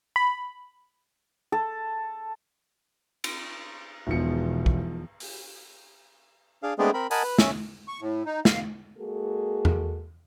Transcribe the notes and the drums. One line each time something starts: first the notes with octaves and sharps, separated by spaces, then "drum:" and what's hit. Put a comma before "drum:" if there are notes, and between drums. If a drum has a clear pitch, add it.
B5
A4
drum: cymbal
E1 E2 B2 D#3 F3 C#7
drum: kick
drum: open hi-hat
D4 G#4 F5
G#3 A3 B3 C4 D4 G#4
C4 A#4 B5
A#4 D#5 F#5 G#5 A5 B5, drum: open hi-hat
B4
C#4 E5, drum: snare
C#6
A2
D#4
F5, drum: snare
G#3 A#3 F#4 G#4 A4
drum: tom E2